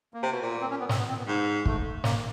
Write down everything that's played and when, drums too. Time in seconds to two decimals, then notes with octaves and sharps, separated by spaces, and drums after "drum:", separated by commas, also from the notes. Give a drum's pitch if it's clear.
0.14 A#3
0.23 C3
0.32 B2
0.42 A#2
0.51 A#3
0.61 C4
0.70 C#4
0.80 B3
0.89 C4, drum: snare
0.98 B3
1.08 C4
1.18 B3
1.27 G#2
1.66 A3, drum: kick
2.04 A#3, drum: snare